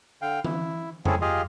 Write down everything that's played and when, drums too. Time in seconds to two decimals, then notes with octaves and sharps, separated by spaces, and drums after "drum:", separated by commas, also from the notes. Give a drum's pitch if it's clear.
0.22 D3 F5 G5
0.44 E4, drum: tom E3
1.05 A3 C4 C#4 E4 G#4 A4, drum: tom F2
1.21 F4 G4 G#4 D#5 F5